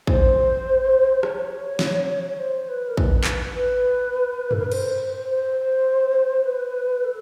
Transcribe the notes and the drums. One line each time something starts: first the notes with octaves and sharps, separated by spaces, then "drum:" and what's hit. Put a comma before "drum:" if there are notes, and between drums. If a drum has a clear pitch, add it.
C5, drum: kick
C#5, drum: rim click
drum: snare
C#5
C5
B4
A#4
B4, drum: kick
drum: clap
B4
A4, drum: tom F#2
A#4
B4
C5, drum: cymbal
C5
B4
A4